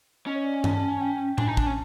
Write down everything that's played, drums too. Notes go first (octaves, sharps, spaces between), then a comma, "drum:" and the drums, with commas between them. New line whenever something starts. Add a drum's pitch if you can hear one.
C#4 D#5
C#5
D5
G#5
A5, drum: tom G2
A5
G#5
G5
D4 G#5, drum: tom A2
D#4 A5
D4, drum: kick
A5
C#4